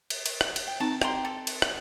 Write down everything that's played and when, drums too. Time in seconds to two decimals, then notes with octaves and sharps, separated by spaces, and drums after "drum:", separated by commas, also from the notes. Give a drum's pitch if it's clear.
0.10 drum: cymbal
0.26 drum: cymbal
0.41 drum: rim click
0.56 drum: cymbal
0.67 G5
0.80 C4 D#4 A5 A#5
1.02 G4 A#5 C6, drum: rim click
1.25 A4
1.47 drum: cymbal
1.62 drum: rim click